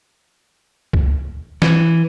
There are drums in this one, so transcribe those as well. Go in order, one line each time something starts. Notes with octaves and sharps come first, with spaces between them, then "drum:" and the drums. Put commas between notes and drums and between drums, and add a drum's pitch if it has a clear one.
drum: kick C#2
E3, drum: snare